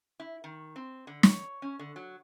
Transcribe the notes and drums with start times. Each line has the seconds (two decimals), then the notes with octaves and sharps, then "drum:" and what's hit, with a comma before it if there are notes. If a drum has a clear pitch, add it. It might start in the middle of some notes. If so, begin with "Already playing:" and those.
0.20 E4
0.44 D#3
0.76 C4
1.07 D3
1.23 C#5, drum: snare
1.62 C#4
1.79 D3
1.96 F#3